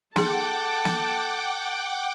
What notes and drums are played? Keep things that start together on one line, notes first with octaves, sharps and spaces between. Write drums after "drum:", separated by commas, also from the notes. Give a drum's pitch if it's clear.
D#4 G#4 A4 F#5 G5 A5 D6, drum: snare
drum: snare